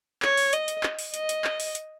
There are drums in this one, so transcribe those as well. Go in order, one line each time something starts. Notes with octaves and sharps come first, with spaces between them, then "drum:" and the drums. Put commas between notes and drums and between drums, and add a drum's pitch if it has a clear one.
C#5, drum: clap
drum: open hi-hat
D#5, drum: hi-hat
drum: hi-hat
drum: clap
drum: open hi-hat
D#5, drum: hi-hat
drum: hi-hat
drum: clap
drum: open hi-hat
drum: hi-hat